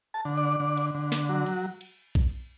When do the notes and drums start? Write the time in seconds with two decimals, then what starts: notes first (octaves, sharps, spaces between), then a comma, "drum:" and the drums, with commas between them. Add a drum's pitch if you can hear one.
0.14 A5
0.25 D3
0.37 D5
0.60 D3
0.77 drum: cymbal
0.95 D3
1.12 drum: snare
1.29 F#3
1.46 drum: cymbal
1.81 drum: cymbal
2.15 drum: kick A#1, cymbal